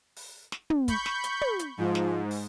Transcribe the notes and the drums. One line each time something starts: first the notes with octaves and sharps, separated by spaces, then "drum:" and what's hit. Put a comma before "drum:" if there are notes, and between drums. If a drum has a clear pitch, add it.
drum: open hi-hat
drum: snare
drum: tom
B5 C#6 G6, drum: kick, hi-hat
drum: snare
drum: hi-hat
drum: tom
drum: hi-hat
G#2 F3
drum: snare
drum: open hi-hat